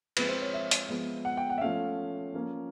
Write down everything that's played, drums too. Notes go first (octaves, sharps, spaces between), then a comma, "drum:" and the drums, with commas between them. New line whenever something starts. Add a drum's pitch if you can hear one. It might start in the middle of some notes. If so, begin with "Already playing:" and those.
F3 G#3 C4 B4, drum: cymbal
C5
C#5
E5
drum: hi-hat
F3 G#3 B3
F#5
G5
F#5
E5
F3 A3 C#4 F5
F3 A#3 C#4